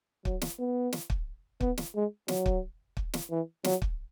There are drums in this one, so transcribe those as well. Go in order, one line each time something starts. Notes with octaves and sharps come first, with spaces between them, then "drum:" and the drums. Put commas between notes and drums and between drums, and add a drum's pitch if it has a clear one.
F#3, drum: kick
drum: snare
B3
drum: snare
drum: kick
B3, drum: kick
drum: snare
G#3
F#3, drum: snare
drum: kick
drum: kick
drum: snare
E3
F#3, drum: snare
drum: kick